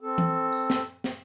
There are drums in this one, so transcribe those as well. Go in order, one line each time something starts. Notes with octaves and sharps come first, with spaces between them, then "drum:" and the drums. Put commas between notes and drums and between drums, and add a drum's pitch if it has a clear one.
C4 A4
drum: tom E3
drum: tambourine
drum: snare
drum: snare